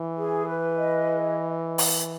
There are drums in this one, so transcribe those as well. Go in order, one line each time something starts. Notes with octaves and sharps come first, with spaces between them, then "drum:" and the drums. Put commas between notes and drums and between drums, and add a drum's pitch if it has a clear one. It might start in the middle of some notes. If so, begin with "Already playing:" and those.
Already playing: E3
G#4
B4
D#5
G#4
drum: open hi-hat